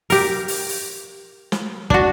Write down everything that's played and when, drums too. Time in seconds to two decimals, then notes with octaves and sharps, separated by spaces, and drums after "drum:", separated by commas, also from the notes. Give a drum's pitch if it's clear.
0.10 G4 A#4, drum: open hi-hat
0.48 drum: open hi-hat
0.69 drum: open hi-hat
1.52 drum: snare
1.90 D4 F#4, drum: kick